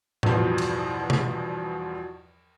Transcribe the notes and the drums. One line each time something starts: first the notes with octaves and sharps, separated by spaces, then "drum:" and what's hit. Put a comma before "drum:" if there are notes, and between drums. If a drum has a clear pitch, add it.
E2 G2 B2 F3, drum: tom A2
drum: cymbal
drum: tom C3